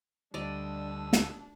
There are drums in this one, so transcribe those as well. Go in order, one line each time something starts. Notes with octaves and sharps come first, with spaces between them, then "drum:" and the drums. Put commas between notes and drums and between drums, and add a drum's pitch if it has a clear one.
D2 G3 D4 D5 D#5 D#6 E6
drum: snare